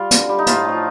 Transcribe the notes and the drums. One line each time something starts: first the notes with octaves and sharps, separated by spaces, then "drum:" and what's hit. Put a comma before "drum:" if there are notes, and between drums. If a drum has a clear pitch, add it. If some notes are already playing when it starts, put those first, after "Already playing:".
Already playing: G3 F4
D3, drum: hi-hat
G3
D#4
A2 F4, drum: hi-hat
F3 A3